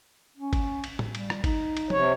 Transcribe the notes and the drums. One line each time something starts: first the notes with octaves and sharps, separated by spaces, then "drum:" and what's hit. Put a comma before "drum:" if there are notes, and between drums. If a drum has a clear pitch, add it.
C#4
drum: kick G#1, cymbal
drum: cymbal
drum: tom A2
G3, drum: cymbal
drum: rim click
D#4, drum: kick G#1, cymbal
drum: cymbal
C3 C#5, drum: tom F3